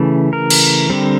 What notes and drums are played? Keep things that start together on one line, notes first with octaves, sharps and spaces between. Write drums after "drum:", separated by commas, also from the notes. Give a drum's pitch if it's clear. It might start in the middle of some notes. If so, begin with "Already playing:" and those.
Already playing: C#3 E3 A3
A#4
drum: cymbal
D3 G3 C4